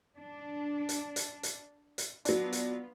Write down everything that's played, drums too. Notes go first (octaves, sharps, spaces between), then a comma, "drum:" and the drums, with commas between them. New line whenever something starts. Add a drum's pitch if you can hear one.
D4
drum: hi-hat
drum: hi-hat
drum: hi-hat
drum: hi-hat
F#3 B3 D4 F4, drum: hi-hat
drum: hi-hat